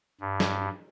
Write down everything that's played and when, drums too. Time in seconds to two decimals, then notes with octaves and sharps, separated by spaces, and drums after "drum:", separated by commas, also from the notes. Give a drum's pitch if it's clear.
0.21 G2
0.40 drum: snare